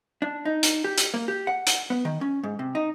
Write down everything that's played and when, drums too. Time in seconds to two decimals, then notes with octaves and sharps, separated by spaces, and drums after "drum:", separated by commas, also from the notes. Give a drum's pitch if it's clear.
0.22 D4
0.45 D#4
0.63 drum: hi-hat
0.84 G4
0.97 drum: hi-hat
1.14 A#3
1.28 G4
1.47 F#5
1.66 drum: hi-hat
1.90 B3
2.05 D#3
2.21 C#4
2.44 G#2
2.59 C3
2.75 D#4